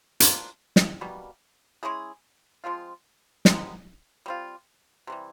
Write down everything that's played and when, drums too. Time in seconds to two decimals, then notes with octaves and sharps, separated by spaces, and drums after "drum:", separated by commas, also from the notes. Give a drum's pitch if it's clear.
0.20 F3 A#3 D4, drum: hi-hat
0.76 drum: snare
1.01 B2 G3 A#3
1.83 G#3 C#4 E4 G#4
2.64 F3 G#3 C4 F4
3.45 C3 D#3 G#3 B3, drum: snare
4.26 G3 C4 F4
5.07 C3 E3 G3